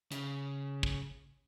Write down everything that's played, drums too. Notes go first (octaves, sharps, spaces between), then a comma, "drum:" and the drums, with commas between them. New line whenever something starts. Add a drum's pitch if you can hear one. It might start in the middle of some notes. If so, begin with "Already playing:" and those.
C#3, drum: hi-hat
drum: kick